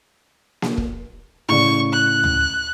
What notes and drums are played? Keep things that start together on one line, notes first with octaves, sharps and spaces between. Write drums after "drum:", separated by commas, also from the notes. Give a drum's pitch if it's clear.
drum: snare A#3
drum: kick
A2 C#3 D5 C#6
F#6
drum: tom D2